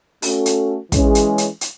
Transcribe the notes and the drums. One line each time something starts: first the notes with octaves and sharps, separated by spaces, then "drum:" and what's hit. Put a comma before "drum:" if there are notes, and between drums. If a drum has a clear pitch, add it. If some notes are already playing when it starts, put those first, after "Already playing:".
A3 C#4 F#4 A4, drum: open hi-hat
drum: hi-hat
E3 G#3 C#4 G#4, drum: kick, hi-hat
drum: hi-hat
drum: hi-hat
drum: hi-hat